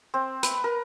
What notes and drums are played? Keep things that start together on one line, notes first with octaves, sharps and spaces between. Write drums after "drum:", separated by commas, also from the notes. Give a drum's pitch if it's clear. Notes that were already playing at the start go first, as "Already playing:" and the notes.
C4
B4, drum: hi-hat
A#4